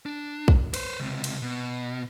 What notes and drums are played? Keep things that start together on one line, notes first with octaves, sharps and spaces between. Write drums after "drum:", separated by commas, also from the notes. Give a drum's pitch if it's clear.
D4
drum: kick
B4 C5, drum: cymbal
C#2 C3
drum: cymbal
B2